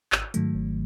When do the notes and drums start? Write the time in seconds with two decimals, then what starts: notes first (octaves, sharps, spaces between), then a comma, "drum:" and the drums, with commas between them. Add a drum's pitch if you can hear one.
0.12 G#1, drum: clap
0.34 G#2 D#3 F#3 A3, drum: hi-hat
0.55 G#1